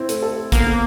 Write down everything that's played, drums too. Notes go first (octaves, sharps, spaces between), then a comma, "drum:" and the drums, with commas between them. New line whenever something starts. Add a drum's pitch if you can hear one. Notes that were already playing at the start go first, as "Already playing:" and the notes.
Already playing: C4 E4
A3, drum: hi-hat
A4
C4
A#3 B3, drum: kick A#1, hi-hat
D3